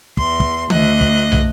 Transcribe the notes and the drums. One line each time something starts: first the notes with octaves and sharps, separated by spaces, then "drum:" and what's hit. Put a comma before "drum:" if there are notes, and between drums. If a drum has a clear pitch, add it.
E2 C6, drum: kick
drum: kick
D2 D#5 F#6, drum: tom D#3
drum: kick
drum: tom